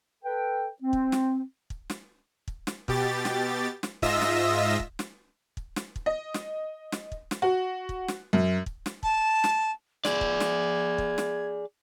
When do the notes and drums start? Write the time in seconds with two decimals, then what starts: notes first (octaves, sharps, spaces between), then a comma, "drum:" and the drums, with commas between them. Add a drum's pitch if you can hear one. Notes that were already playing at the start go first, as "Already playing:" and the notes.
0.24 A4 B4 G5
0.82 C4
0.93 drum: kick
1.12 drum: snare
1.70 drum: kick
1.90 drum: snare
2.48 drum: kick
2.67 drum: snare
2.88 B2 G4 A6, drum: kick
3.25 drum: snare
3.83 drum: snare
4.02 G#2 F4 D#5 E5 E6 A#6, drum: kick
4.22 drum: snare
4.80 drum: kick
4.99 drum: snare
5.57 drum: kick
5.76 drum: snare
5.96 drum: kick
6.06 D#5
6.34 drum: snare
6.92 drum: snare
7.12 drum: kick
7.31 drum: snare
7.42 F#4
7.89 drum: kick
8.08 drum: snare
8.33 F#2
8.66 drum: kick
8.86 drum: snare
9.03 A5, drum: kick
9.44 drum: snare
10.05 G#4 D5 G#6, drum: snare
10.21 drum: kick
10.40 drum: snare
10.98 drum: kick
11.18 drum: snare